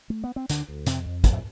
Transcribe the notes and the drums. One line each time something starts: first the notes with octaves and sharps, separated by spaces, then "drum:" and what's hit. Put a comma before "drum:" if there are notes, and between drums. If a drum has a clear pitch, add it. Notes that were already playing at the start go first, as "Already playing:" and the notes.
A3
B3
C4
D2 D3 D4, drum: hi-hat
D2
F2 C3 C4, drum: hi-hat
F2
F2 B3, drum: kick, hi-hat
A2 A3